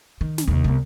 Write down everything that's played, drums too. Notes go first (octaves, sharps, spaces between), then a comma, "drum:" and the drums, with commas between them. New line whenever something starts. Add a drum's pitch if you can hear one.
D#3
drum: snare
D#2 C3
C2 B3